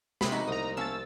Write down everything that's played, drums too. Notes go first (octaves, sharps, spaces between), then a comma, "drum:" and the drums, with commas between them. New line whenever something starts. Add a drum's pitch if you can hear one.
C3 G#3 B5, drum: snare
D#4 F#4
C2 A#5 D#6
A#3 C#4 A5 E6 A6